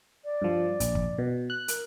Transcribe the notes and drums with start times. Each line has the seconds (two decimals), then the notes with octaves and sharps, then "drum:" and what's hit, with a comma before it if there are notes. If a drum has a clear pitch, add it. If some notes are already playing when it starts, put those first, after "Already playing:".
0.25 D5
0.42 G2 F3
0.80 A#1, drum: hi-hat
0.95 drum: kick
1.18 B2
1.50 F#6
1.68 A#4, drum: hi-hat